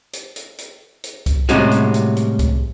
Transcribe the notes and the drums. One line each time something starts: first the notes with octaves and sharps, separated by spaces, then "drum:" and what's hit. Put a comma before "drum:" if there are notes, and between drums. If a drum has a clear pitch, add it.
drum: hi-hat
drum: hi-hat
drum: hi-hat
drum: hi-hat
drum: kick C2, hi-hat
A2 C3 G3 G#3 C#4 F#4, drum: hi-hat
drum: hi-hat
drum: hi-hat
drum: hi-hat
drum: kick C2, hi-hat